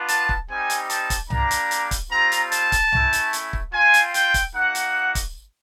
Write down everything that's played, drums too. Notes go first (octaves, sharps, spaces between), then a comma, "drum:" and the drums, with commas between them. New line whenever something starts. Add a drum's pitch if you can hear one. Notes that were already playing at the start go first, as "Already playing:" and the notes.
Already playing: B3 D4 F4
A5, drum: hi-hat
drum: kick
G3 C4 D#4 G4 G#5
drum: hi-hat
A5, drum: hi-hat
drum: kick, hi-hat
G3 A#3 D4 A#5, drum: tom C2
drum: hi-hat
drum: hi-hat
drum: kick, hi-hat
G3 C4 F4 A#5
drum: hi-hat
A5, drum: hi-hat
drum: kick, hi-hat
A3 C#4 E4, drum: tom C2
drum: hi-hat
drum: hi-hat
drum: kick
C4 F4 G#5
drum: hi-hat
G5, drum: hi-hat
drum: kick, hi-hat
A#3 D#4 F#4 F#5
drum: hi-hat
drum: kick, hi-hat